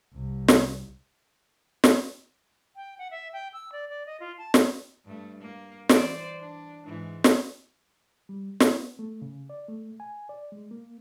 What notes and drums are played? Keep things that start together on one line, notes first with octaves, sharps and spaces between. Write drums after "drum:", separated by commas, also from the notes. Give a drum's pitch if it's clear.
C2
drum: snare
drum: snare
G5
F#5
E5
G5
E6
D5
D5
D#5
F4
A5
drum: snare
G2 A3
A#3
E3 C5 D5, drum: snare
D4
G#2 E3 G#3
drum: snare
G3
E4, drum: snare
B3
A3
C#3
D5
A3
G#5
D5
G#3
A#3